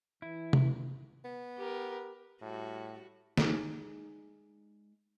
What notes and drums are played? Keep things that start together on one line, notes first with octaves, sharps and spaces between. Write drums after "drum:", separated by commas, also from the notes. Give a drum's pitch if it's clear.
E3 E4
drum: tom C3
B3
G4 A#4
A2 G3 F#4
G#3 D#4, drum: snare